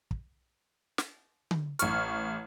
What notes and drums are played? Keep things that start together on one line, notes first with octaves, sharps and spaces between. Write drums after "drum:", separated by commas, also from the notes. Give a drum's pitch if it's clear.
drum: kick
drum: snare
drum: tom D3
A1 C#6 F6, drum: hi-hat